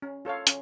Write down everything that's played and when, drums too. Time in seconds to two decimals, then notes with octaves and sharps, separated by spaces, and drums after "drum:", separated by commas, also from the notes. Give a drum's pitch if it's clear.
0.02 C#4
0.25 F4 A4 C#5 F5
0.47 C#4, drum: hi-hat